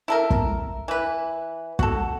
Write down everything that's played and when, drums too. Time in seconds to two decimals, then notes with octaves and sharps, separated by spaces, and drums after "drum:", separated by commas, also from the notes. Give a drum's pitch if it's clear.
0.08 E4 A4 A#4
0.30 drum: kick
0.88 E3 B4
1.79 F#4 A4, drum: kick